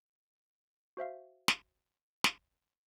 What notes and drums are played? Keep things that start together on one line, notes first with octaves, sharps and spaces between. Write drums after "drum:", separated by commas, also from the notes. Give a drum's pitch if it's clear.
F#4 C5 E5 F5
drum: snare
drum: snare